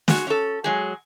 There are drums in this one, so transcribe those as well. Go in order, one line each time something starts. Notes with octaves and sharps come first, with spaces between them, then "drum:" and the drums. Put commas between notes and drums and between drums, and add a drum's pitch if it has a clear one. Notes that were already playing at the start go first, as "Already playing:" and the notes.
G#3 F#4, drum: snare
C#4 A4
F#3 G#3 G#4